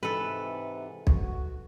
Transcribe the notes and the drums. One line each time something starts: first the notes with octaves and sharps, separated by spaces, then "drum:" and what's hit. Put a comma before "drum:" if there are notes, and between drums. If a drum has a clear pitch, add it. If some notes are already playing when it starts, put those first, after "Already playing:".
G#2 C3 E3 A4 B4
F#4, drum: kick B1